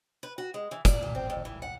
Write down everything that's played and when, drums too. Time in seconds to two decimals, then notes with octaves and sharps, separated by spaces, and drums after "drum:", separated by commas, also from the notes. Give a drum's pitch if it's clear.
0.23 B4
0.38 F#4
0.54 G#3
0.71 E3
0.85 D5, drum: kick, hi-hat
1.02 A#2
1.15 C4
1.30 F2
1.45 E3
1.62 F#5